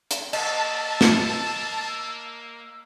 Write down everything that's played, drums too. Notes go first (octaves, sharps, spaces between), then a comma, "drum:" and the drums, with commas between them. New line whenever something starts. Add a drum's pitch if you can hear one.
drum: hi-hat
A#3 D#5 A5 E6, drum: cymbal
drum: snare